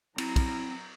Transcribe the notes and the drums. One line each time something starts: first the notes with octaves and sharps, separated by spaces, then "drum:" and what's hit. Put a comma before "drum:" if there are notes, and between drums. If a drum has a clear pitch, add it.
F#3 C4 E4 A#5, drum: cymbal
drum: kick, cymbal